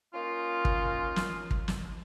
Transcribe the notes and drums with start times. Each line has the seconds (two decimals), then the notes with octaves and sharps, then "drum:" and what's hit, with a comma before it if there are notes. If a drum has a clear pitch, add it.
0.13 A#3 C#4 D#4 F4
0.65 drum: kick
1.16 drum: snare
1.51 drum: kick
1.68 drum: snare